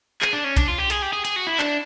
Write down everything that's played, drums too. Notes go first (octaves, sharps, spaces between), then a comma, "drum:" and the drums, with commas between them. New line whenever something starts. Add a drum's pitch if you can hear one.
G#4, drum: clap
D4
C#4
D4, drum: kick B1, hi-hat
F4
G4
G#4, drum: hi-hat
G4
G#4
G#4, drum: hi-hat
F#4
E4
D4, drum: clap